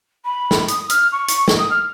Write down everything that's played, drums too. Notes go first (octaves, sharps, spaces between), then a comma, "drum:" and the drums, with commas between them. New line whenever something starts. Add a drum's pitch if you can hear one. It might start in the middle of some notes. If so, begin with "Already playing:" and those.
B5
drum: snare
D#6, drum: hi-hat
F6, drum: hi-hat
C#6
drum: hi-hat
drum: snare
D#6
F6